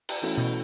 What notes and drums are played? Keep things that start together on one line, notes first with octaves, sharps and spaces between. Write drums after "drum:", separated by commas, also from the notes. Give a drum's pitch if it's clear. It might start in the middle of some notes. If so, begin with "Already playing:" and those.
drum: cymbal
E3 A3 C#4 F#4 A4
B2